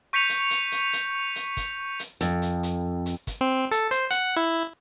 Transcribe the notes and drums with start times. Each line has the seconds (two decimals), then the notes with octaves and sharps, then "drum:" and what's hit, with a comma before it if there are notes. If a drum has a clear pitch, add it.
0.13 C#6 G6 B6 C#7 D#7 F7
0.29 drum: hi-hat
0.50 drum: hi-hat
0.72 drum: hi-hat
0.93 drum: hi-hat
1.36 drum: hi-hat
1.57 drum: kick, hi-hat
1.99 drum: hi-hat
2.21 F2, drum: hi-hat
2.42 drum: hi-hat
2.63 drum: hi-hat
3.06 drum: hi-hat
3.27 drum: kick, hi-hat
3.41 C4
3.71 A4, drum: hi-hat
3.91 C5, drum: hi-hat
4.11 F#5, drum: hi-hat
4.37 E4